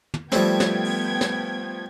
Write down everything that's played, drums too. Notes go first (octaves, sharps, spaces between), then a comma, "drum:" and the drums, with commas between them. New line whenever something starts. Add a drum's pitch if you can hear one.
drum: tom
F3 G3 A3 B3 C4 G5 G#6, drum: snare
drum: snare
drum: open hi-hat
drum: snare